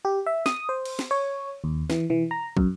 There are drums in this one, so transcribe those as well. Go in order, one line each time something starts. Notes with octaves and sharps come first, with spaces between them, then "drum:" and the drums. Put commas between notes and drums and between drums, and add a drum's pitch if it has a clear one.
G4
E5
D#6, drum: snare
C5
drum: cymbal
drum: snare
C#5
D#2
E3, drum: snare
E3, drum: tom B2
A#5
F#2, drum: kick